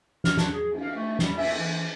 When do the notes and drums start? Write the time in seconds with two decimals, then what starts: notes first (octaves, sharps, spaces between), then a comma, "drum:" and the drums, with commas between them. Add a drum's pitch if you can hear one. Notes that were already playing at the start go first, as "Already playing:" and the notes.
0.24 F6, drum: snare
0.37 D4, drum: snare
0.52 G#4
0.71 drum: cymbal
0.81 F5
0.95 A3
1.19 G3, drum: snare
1.37 E5, drum: cymbal
1.58 E3